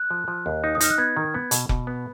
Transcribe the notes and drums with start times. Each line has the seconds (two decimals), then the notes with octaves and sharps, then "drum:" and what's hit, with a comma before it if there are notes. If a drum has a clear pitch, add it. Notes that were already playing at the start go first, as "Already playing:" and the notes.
Already playing: F#6
0.11 F3
0.28 F3
0.46 D#2
0.64 D#4
0.75 D#6
0.81 D#4 F6, drum: hi-hat
0.90 F#6
0.98 B3 G#6
1.17 D#3
1.34 B3
1.51 B2, drum: hi-hat
1.69 B2, drum: kick F1
1.87 B3